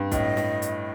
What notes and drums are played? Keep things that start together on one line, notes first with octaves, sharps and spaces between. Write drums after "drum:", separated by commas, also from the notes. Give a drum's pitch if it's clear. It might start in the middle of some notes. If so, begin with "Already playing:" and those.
Already playing: G2
A2 D#5, drum: kick B1, hi-hat
drum: snare
drum: hi-hat